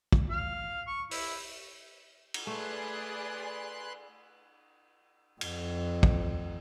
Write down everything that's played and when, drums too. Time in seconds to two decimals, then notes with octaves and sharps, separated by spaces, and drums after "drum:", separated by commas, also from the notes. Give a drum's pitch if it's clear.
0.12 drum: kick
0.30 F5
0.87 C#6
1.11 E4, drum: open hi-hat
2.34 drum: cymbal
2.47 A3 G#4 B4 D5 C6 F#6
5.41 F2, drum: cymbal
6.03 drum: kick